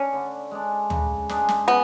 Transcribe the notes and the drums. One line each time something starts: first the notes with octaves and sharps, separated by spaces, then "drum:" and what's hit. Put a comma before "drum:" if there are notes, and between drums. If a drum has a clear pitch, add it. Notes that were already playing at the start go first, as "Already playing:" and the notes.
Already playing: C#4 D4
D3
G#3 D4
C#3, drum: tom
G#3 D4 G#4, drum: snare
drum: snare
C#3 B3